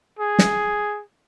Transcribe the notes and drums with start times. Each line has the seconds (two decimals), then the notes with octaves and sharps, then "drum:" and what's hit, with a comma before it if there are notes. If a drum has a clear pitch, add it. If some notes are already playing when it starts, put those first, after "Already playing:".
0.19 G#4
0.39 drum: snare